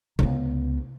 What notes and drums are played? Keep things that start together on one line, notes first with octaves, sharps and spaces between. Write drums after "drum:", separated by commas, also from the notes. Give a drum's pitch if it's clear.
C#2 B3, drum: tom C3